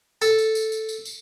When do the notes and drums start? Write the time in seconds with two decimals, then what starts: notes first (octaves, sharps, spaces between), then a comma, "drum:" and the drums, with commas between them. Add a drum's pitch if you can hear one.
0.22 A4, drum: tambourine
0.38 drum: tambourine
0.55 drum: tambourine
0.72 drum: tambourine
0.89 drum: tambourine
1.05 drum: tambourine